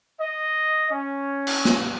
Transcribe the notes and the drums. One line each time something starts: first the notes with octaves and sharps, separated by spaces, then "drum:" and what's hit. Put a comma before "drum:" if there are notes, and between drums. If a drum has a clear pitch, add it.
D#5
C#4
drum: cymbal
drum: snare A#3